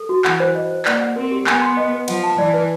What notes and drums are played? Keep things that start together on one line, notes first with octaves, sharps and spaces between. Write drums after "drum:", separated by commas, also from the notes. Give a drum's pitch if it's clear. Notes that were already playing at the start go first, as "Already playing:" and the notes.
Already playing: A4
F#4
E3 F#5, drum: clap
C5
D#5
C5
A#3 D5, drum: clap
F#5
C4 A#4
G4
B3 G#5, drum: clap
C6
D#5
B4
F3 F#5, drum: cymbal
A5
E3 D5
B4